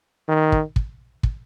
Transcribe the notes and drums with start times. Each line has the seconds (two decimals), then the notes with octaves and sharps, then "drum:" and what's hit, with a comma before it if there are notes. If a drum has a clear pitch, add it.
0.29 D#3
0.52 drum: kick
0.76 drum: kick
1.23 drum: kick